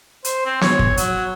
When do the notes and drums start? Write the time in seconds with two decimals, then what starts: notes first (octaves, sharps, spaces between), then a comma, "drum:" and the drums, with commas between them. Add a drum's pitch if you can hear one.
0.24 C5, drum: hi-hat
0.45 C4
0.61 C#5, drum: snare
0.79 drum: kick
0.97 F#3, drum: hi-hat